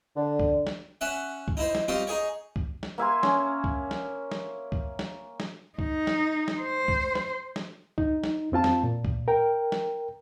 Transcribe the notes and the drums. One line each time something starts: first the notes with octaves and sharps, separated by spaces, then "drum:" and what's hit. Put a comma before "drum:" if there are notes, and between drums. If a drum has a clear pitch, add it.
D3
drum: kick C#2
drum: snare
C#4 E5 F#5
drum: kick C#2
D#4 E4 C5
drum: snare
G3 C4 D#4 F4 C#5
D#4 G#4 C#5
drum: kick C#2
drum: snare
A#3 E5 G#5 C6
C#4, drum: snare
drum: kick C#2
drum: snare
drum: snare
drum: kick C#2
drum: snare
drum: snare
D#4, drum: kick C#2
drum: snare
drum: snare
C5
drum: kick C#2
drum: snare
drum: snare
D#4, drum: kick C#2
drum: snare
F2 C4 F4 A5
drum: snare
A#2
drum: kick C#2
A#4 G5
drum: snare